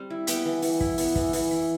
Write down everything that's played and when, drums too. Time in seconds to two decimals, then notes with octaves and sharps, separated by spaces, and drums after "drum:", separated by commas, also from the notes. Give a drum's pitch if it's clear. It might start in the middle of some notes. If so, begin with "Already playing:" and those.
Already playing: G3 C4
0.10 E4
0.27 B3 G5 B5, drum: hi-hat
0.45 E3
0.62 E3, drum: open hi-hat
0.81 E4, drum: kick
0.98 B3, drum: open hi-hat
1.16 E3, drum: kick
1.33 E3, drum: open hi-hat
1.51 E4